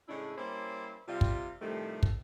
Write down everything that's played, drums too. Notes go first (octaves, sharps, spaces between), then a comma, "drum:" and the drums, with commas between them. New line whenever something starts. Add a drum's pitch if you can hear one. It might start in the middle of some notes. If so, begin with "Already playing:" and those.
A2 C#3 G#3 C#4 D4 E4
G3 A#3 C#4 E4 C5
C3 G3 F4
drum: kick
A2 C3 D#3 F3 G3 A3
drum: kick